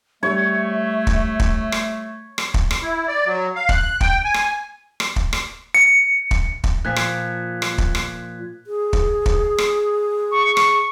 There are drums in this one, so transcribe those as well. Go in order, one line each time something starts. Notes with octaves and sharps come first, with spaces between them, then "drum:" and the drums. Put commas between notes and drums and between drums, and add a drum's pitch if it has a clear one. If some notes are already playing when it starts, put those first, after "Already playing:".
G3 A3 C#5 E5
drum: kick
drum: kick
drum: rim click
drum: rim click
drum: kick
drum: rim click
E4
D5
F#3
F5
F#6, drum: kick
G5, drum: kick
G#5
drum: rim click
drum: rim click
drum: kick
drum: rim click
C#7
drum: kick
drum: kick
A#2 F3 F#6 G#6 B6
drum: rim click
drum: rim click
drum: kick
drum: rim click
G#4
drum: kick
drum: kick
drum: rim click
C#6
drum: rim click